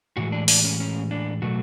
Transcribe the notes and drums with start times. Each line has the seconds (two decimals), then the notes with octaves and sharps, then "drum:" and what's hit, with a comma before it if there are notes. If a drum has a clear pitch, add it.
0.17 A2 E3 G#3 F#4
0.32 D4
0.48 D4, drum: open hi-hat
0.64 C#4
0.80 C#4
1.11 D4
1.42 B2 F#3 A3 F#4